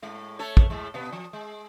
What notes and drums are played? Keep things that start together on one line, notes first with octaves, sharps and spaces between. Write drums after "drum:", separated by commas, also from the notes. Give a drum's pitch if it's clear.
A2 G#3
A3 A4 C#5
drum: kick
A2 G#3 A3
B2 B3
F3
G#3